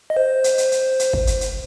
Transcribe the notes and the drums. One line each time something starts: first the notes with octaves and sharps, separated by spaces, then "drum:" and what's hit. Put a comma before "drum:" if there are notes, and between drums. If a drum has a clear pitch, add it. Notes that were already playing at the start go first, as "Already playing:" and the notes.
D#5
C5
drum: hi-hat
drum: hi-hat
drum: hi-hat
drum: hi-hat
drum: kick
drum: hi-hat
drum: hi-hat